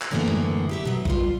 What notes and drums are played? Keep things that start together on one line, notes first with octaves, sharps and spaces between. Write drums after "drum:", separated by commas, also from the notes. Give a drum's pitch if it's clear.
drum: clap
F#2 A2 D3 E3 A#3 B3
drum: tom G3
F#3 G4 E5
B2 F#3
B2 G3 F4, drum: kick